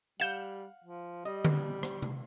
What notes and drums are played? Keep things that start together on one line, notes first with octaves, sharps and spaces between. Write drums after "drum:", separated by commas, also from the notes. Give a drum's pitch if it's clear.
G3 F5 F#5 G6 E7
F3
G3 D#5
drum: tom D3
drum: rim click
drum: tom C3